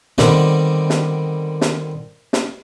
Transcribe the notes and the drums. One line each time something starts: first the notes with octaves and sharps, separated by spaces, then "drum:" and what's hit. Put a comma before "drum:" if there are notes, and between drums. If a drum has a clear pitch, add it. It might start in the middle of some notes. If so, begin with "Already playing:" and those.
D3 D#3 G3 B3 C4 D4, drum: snare
drum: snare
drum: snare
drum: snare